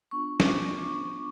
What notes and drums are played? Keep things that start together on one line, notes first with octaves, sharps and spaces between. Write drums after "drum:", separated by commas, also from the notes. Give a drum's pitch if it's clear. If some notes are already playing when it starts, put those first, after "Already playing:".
B3 D4 F4 C#6
D6, drum: snare
C#6
D6
C#6